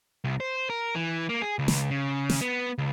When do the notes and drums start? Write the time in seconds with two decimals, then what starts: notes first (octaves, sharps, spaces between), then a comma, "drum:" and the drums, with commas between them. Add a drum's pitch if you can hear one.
0.24 C2
0.40 C5
0.70 A#4
0.95 E3
1.29 A#3
1.42 G#4
1.59 C#2
1.68 drum: snare
1.91 C#3
2.30 drum: snare
2.42 B3
2.78 C#2